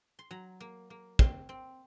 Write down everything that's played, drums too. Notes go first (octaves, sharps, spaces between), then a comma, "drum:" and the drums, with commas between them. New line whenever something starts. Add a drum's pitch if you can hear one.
C6
F#3 A#5
A#3
A#3
C4 C6, drum: kick
C4